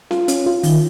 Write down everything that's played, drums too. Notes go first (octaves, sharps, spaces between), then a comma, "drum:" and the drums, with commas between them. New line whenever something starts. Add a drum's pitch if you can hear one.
F4, drum: snare C#4
C#4, drum: hi-hat
F4
D#3, drum: open hi-hat